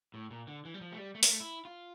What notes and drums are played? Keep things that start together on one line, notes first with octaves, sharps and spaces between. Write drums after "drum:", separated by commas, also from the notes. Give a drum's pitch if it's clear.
A2
A#2
D3
E3
G3
F3
A3
G3
A3
A#3, drum: open hi-hat
A3
E4
F4